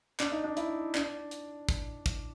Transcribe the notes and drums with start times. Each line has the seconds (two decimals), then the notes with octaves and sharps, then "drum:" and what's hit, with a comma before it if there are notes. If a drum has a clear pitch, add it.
0.20 D4, drum: clap
0.32 D#4
0.44 D4
0.57 E4, drum: hi-hat
0.95 D4, drum: clap
1.31 drum: hi-hat
1.69 drum: kick, hi-hat
2.06 drum: kick, hi-hat